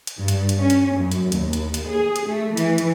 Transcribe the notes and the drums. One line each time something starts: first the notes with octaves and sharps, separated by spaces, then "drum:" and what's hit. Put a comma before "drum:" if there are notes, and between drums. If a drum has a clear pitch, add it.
drum: hi-hat
G2
drum: hi-hat
drum: hi-hat
C#4
drum: hi-hat
F#2
drum: hi-hat
D#2, drum: hi-hat
drum: hi-hat
drum: hi-hat
G#4
drum: hi-hat
A3
E3, drum: hi-hat
drum: hi-hat